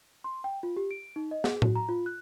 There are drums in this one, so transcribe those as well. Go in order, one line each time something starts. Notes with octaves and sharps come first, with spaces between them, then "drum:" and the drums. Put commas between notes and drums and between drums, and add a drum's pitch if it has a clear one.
C6
G5
F4
G4
D7
D#4
D#5
G#4, drum: snare
F#4, drum: tom A2
A#5
F4
F#6